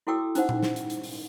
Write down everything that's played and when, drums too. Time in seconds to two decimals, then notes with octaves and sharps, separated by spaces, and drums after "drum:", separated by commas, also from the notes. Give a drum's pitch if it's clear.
0.07 E4 F#4 A4 G5 D6 E6
0.35 C#4 D#4 C5 F#5, drum: hi-hat
0.49 drum: tom A#2
0.63 drum: snare
0.76 drum: hi-hat
0.90 drum: hi-hat
1.04 drum: open hi-hat